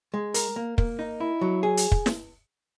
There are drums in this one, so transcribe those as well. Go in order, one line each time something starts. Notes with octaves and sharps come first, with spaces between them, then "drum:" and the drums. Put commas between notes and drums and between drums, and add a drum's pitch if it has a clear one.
G#3
A#4, drum: hi-hat
A#3
A#3, drum: kick
D#4
E4
F#3
G#4
drum: hi-hat
drum: kick
drum: snare